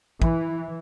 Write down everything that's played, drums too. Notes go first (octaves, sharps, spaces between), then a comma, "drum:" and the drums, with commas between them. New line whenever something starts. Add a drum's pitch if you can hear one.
E3, drum: kick